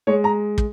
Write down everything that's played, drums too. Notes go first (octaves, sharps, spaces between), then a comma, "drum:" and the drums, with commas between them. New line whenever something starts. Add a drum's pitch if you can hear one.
G#3 C#5
A#5
drum: kick